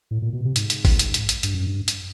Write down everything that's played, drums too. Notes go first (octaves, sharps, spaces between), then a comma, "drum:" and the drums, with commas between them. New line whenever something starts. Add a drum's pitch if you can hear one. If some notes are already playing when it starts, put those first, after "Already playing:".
A2
A#2
B2
C3
G#2, drum: hi-hat
drum: hi-hat
drum: kick A1, open hi-hat
drum: hi-hat
drum: hi-hat
drum: hi-hat
G2, drum: hi-hat
F#2
G2
drum: hi-hat